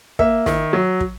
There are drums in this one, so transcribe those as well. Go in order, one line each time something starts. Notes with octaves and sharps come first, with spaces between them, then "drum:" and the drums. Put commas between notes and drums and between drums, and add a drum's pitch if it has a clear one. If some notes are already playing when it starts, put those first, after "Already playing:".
A#3 E5, drum: kick
D#3, drum: snare
F#3
drum: kick